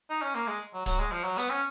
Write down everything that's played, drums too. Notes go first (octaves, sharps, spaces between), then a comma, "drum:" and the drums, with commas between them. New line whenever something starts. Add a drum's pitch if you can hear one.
D#4
C#4
A#3, drum: open hi-hat
G#3
F#3
F#3, drum: kick, hi-hat
G#3
F3
F#3
B3, drum: hi-hat
C#4